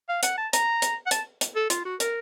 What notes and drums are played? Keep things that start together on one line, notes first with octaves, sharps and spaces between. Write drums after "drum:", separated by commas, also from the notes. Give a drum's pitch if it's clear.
F5
F#5, drum: hi-hat
A5
A#5, drum: hi-hat
drum: hi-hat
F#5
A5, drum: hi-hat
drum: hi-hat
A4
F4, drum: hi-hat
F#4
A#4, drum: hi-hat